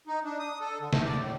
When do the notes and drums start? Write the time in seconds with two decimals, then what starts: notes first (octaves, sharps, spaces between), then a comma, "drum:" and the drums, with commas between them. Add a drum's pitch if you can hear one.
0.07 D#4
0.25 D4
0.39 D#6
0.61 A4
0.80 D3
0.93 A3, drum: snare
1.05 D5
1.19 A2